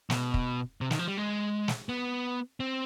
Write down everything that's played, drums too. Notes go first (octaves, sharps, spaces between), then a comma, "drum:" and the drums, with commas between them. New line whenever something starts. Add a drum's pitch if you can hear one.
B2, drum: snare
drum: kick
C3
D#3, drum: snare
F3
G3
G#3
drum: snare
B3
C4